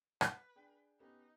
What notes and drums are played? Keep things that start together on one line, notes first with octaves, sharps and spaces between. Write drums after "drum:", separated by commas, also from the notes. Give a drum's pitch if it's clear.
B4, drum: rim click
D4 G#4 G5
B3 C#4 D#4 G4